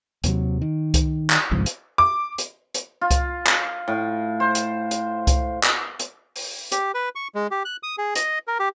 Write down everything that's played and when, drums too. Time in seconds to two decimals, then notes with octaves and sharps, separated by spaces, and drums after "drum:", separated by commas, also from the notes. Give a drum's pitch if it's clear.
0.24 D#2 C3 F#3, drum: hi-hat
0.62 D#3
0.94 drum: kick C2, hi-hat
1.30 drum: clap
1.51 G1 C2 G#2 F3
1.66 drum: hi-hat
1.98 D6
2.38 drum: hi-hat
2.74 drum: hi-hat
3.01 F4
3.11 drum: kick C2, hi-hat
3.47 drum: clap
3.88 A2
4.40 C5
4.55 drum: hi-hat
4.91 drum: hi-hat
5.27 drum: kick C2, hi-hat
5.63 drum: clap
5.99 drum: hi-hat
6.36 drum: open hi-hat
6.72 G4, drum: hi-hat
6.94 B4
7.15 C#6
7.35 G#3
7.51 G4
7.65 F#6
7.83 D#6
7.98 G#4
8.15 D#5, drum: hi-hat
8.48 A#4
8.59 G4